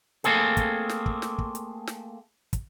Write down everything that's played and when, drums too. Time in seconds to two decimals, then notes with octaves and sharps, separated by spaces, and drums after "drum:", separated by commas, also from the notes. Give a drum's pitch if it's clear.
0.24 A3 A#3 C4 G#4 A4, drum: hi-hat
0.57 drum: kick, hi-hat
0.89 drum: snare
1.06 drum: kick
1.22 drum: snare
1.38 drum: kick
1.55 drum: hi-hat
1.87 drum: snare
2.53 drum: kick, hi-hat